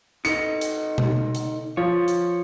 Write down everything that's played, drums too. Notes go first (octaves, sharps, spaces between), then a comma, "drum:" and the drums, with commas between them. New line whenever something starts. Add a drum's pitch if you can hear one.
D#4 A4 D#5 C#7, drum: hi-hat
drum: hi-hat
drum: tom B2
drum: hi-hat
F3 C#5
drum: hi-hat